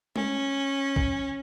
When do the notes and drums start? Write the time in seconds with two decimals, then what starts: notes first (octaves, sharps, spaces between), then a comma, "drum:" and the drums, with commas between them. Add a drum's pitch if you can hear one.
0.16 C#4, drum: tom
0.96 drum: kick